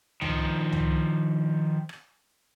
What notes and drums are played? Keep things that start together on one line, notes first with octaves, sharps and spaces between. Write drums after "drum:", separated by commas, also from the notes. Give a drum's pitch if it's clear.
D#3 F3, drum: tom
drum: tom
drum: rim click